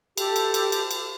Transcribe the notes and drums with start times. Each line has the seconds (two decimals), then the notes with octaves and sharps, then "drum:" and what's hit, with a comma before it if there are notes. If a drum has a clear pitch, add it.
0.17 G4 A4, drum: cymbal
0.36 drum: cymbal
0.54 drum: cymbal
0.72 drum: cymbal
0.91 drum: cymbal